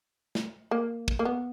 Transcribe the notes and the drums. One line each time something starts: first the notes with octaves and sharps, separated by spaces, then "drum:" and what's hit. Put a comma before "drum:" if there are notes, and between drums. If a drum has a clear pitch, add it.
drum: snare
A#3
drum: kick
A#3
B3